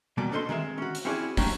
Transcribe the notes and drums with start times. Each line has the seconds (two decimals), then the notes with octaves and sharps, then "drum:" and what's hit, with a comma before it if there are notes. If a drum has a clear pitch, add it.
0.17 B2 G3 A#3 D5 G#5
0.31 C#4 D4 A4 C5 D#5 C6
0.49 D#3 G#3 C4 E5
0.78 C#4 F#4
0.95 drum: hi-hat
1.05 C4 C#4 E4 F#4 G#4 D5
1.37 F#3 G3 A3 A#3 C#4 D4, drum: kick, open hi-hat